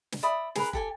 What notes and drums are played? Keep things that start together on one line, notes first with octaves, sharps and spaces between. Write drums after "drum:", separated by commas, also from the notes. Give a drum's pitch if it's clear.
drum: snare
D5 E5 B5 D#6
G#4 A#4 B4, drum: snare
G4 A4 G#5, drum: kick F#1